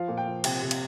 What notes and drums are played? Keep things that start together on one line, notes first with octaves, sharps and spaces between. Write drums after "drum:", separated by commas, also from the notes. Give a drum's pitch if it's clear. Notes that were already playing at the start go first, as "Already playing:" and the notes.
Already playing: F3 F5
A#2
G5
F3
C3 G5, drum: cymbal
C3
drum: cymbal